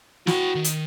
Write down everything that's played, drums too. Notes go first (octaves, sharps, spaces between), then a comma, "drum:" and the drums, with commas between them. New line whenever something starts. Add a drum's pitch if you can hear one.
E4 F#4 G5, drum: snare
D#3
drum: hi-hat